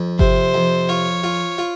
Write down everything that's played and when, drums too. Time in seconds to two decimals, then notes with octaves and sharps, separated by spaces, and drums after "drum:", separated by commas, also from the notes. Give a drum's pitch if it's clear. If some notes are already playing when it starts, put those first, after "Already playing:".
Already playing: F2
0.19 C3 C5, drum: kick G1
0.54 F2
0.89 F4 C#5
1.24 F4
1.58 F4